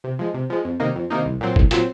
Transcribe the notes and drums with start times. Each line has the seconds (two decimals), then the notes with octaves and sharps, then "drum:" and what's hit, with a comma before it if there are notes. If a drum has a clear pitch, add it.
0.04 C3
0.19 F3 G#3
0.34 C3
0.50 F3 G#3
0.65 F2
0.80 C3 D#3 A#3 D#4
0.95 F2
1.10 C3 D#3 A#3 D#4
1.25 C2
1.41 A#2 F#3 C4
1.56 C2, drum: kick F#1
1.71 A#2 F#3 C4, drum: hi-hat